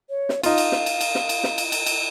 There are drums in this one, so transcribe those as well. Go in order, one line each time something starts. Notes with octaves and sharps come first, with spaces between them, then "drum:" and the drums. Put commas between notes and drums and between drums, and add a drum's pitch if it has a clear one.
C#5
drum: snare
D#4 F4 F5, drum: cymbal
drum: cymbal
drum: snare
drum: cymbal
drum: cymbal
drum: snare
drum: cymbal
drum: snare
drum: cymbal
drum: cymbal
drum: cymbal